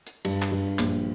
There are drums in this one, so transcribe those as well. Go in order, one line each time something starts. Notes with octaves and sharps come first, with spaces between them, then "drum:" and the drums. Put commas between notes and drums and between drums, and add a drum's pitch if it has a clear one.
drum: hi-hat
G2, drum: cymbal
drum: clap
G2
A#1, drum: clap